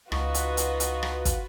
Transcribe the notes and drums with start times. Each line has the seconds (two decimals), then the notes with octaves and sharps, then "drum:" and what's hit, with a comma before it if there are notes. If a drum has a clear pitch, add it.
0.12 C#2 D#4 F4 F#4 B4 C#6, drum: rim click
0.34 drum: hi-hat
0.57 drum: hi-hat
0.80 drum: hi-hat
1.03 drum: rim click
1.25 drum: kick, hi-hat